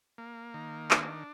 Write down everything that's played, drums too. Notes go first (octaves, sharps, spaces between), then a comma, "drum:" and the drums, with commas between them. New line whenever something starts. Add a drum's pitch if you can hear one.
A#3
D#3
D4, drum: clap